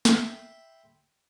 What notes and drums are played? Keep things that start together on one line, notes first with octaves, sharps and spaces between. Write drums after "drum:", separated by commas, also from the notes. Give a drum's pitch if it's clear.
E5 G5 B5 C6, drum: snare